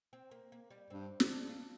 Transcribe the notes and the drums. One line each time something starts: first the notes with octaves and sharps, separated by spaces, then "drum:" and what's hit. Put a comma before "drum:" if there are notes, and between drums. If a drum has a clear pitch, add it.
C4
A#3
A#3
G3
G2 C4
drum: snare
D4
F4